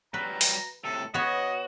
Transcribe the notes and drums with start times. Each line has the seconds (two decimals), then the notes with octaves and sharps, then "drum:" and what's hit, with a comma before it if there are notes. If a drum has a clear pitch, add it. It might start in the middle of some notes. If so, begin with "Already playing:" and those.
0.14 F#3 G3 B4 A#5
0.41 drum: open hi-hat
0.84 A2 C3 A4
1.14 B3 F#4 C#5 D#5